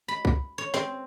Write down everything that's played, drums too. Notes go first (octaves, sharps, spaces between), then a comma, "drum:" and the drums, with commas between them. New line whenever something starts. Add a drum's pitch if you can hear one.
B5
drum: kick
C#5
C4, drum: snare